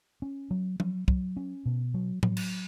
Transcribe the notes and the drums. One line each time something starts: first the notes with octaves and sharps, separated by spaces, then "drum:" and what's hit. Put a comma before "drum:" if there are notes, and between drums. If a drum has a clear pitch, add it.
C#4
F#3
F#3, drum: tom F3
F#3, drum: kick
C#4
B2
F#3
F#3, drum: tom A2
drum: cymbal